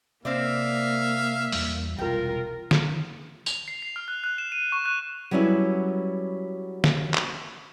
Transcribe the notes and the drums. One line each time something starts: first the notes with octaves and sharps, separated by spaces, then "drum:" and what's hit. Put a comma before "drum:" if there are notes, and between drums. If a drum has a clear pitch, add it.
C3 A#3 C4 C5 D5 E5 F5
E2 G3, drum: open hi-hat
E1 C2 F4 A#4 G5
drum: snare
F7, drum: tambourine
C7
C7
F6
F#6
F#6
E7
D#7
C#6
F#6
F#3 G3 B3 C#4 E4 G#4
drum: snare
drum: clap